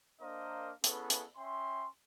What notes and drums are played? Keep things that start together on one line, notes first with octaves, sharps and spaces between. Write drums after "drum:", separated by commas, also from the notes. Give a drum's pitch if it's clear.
A#3 D4 A#4 C5 D#5 F5
B3 C#4 E4 G#4 A4 B4, drum: hi-hat
drum: hi-hat
C#4 E5 G5 C6